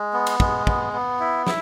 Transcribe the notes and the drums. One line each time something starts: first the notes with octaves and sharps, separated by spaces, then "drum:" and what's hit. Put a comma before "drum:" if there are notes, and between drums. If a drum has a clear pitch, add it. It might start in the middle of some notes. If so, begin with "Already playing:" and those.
Already playing: G#3
B3
drum: cymbal
G#3, drum: kick
B3, drum: kick
B3
E4
E4, drum: snare